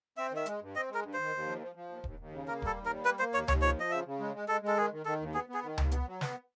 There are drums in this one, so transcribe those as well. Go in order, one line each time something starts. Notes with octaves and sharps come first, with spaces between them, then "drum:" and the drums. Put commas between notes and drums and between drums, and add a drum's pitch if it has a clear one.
C4 E5
D#3 E5
G#3, drum: hi-hat
G2
C4 D#5
G#3 A#4
G2
D#3 C5
D#2
F3
F3
F3
D#2
D#2, drum: kick D#1
D#2
C#3
A#3 A#4
G3 A4, drum: kick D#1
D#2
A#4
G3
A#3 B4
A#3 C5
D#2 C#5
D#2 C#5, drum: tom C#2
F3 C#5
F3 D#5
C#3 E5
C#3
G#3
G#3
G#3 A4
G#3
A4
D#3 G#4
D#3
D#3 A4
D#2
B3 G#4
B3 G#4
D#3
D#2, drum: tom C#2
B3, drum: hi-hat
F#3
B3, drum: snare